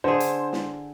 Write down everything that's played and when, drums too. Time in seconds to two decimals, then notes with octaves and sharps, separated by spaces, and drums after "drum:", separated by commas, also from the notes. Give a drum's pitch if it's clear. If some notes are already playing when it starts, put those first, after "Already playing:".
0.04 D3 G#4 C5
0.20 drum: hi-hat
0.53 drum: snare